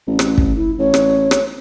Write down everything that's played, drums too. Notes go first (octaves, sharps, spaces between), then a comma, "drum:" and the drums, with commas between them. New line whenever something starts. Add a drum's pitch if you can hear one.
A1
drum: rim click
drum: kick
E4
A1 C#5
drum: rim click
drum: rim click